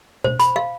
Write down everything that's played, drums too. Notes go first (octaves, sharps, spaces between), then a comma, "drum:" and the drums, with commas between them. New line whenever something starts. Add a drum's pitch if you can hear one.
C5, drum: tom B2
B5, drum: hi-hat
F5